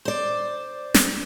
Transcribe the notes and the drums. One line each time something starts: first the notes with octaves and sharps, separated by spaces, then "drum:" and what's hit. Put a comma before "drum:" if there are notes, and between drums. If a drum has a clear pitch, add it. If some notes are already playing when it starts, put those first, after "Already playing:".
C5 D5
drum: snare